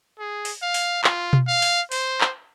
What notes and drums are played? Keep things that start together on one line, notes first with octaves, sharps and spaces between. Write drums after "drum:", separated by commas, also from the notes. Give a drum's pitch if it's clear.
G#4
drum: open hi-hat
F5
drum: open hi-hat
F4, drum: clap
drum: tom B2
F5
drum: open hi-hat
C5, drum: open hi-hat
drum: clap